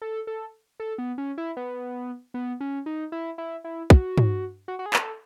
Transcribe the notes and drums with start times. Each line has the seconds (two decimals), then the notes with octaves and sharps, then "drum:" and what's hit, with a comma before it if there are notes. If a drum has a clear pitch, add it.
0.02 A4
0.27 A4
0.80 A4
0.98 B3
1.18 C#4
1.38 E4
1.57 B3
2.34 B3
2.60 C#4
2.86 D#4
3.12 E4
3.38 E4
3.64 E4
3.90 F#4, drum: kick
4.18 drum: tom
4.68 F#4
4.79 F#4
4.86 G#4
4.93 A4, drum: clap